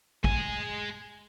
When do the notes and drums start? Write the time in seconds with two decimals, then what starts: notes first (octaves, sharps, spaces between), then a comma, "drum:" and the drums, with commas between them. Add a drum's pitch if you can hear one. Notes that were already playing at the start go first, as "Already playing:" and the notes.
0.24 G#3 G#5, drum: kick